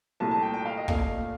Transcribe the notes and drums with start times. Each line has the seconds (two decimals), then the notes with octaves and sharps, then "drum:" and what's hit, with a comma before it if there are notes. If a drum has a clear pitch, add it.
0.20 C2 A#2 A3 A5
0.31 A5
0.42 G5
0.54 G5
0.65 F5
0.77 D#5
0.88 A#1 A#2 A3 F5, drum: kick